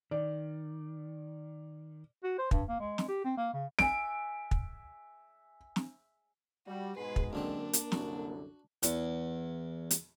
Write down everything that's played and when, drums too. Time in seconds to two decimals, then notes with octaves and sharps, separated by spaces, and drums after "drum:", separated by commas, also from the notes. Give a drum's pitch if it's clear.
0.11 D#3 D5
2.23 F#4
2.38 C5
2.51 G2, drum: kick
2.68 A#3
2.80 G#3
2.98 drum: snare
3.08 G4
3.24 C4
3.37 A#3
3.53 C#3
3.79 E5 G#5 D7, drum: snare
4.51 drum: kick
5.76 drum: snare
6.67 G3 F#4
6.96 G#2 B2 G#3 G#4 B4 C6
7.16 drum: kick
7.33 F#2 D3 A#3 C4 D4
7.73 drum: hi-hat
7.92 C2 F#2 D3 F#4, drum: snare
8.83 E2, drum: hi-hat
9.91 drum: hi-hat